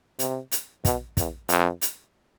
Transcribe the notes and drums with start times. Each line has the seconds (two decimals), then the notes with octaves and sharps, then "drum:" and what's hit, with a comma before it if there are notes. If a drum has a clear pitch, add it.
0.19 C3, drum: hi-hat
0.52 drum: hi-hat
0.85 B2, drum: kick, hi-hat
1.17 E2, drum: kick, hi-hat
1.49 F2, drum: hi-hat
1.82 drum: hi-hat